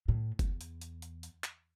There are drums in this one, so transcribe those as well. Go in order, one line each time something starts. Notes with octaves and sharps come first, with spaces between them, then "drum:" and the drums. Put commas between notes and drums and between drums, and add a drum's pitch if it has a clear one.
A2
E2, drum: kick F#1, hi-hat
drum: hi-hat
drum: hi-hat
drum: hi-hat
drum: hi-hat
drum: clap